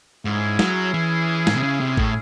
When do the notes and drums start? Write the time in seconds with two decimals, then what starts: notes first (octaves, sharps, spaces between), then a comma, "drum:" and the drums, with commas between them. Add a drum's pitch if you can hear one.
0.25 G#2 C#4 E4 G#4
0.59 F#3, drum: snare
0.94 E3
1.47 A2, drum: snare
1.55 C3
1.63 C#3
1.80 C3
1.97 A2, drum: kick G#1